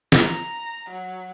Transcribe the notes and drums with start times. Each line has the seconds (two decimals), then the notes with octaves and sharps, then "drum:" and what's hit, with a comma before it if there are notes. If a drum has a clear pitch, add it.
0.12 A#5, drum: snare
0.89 F#3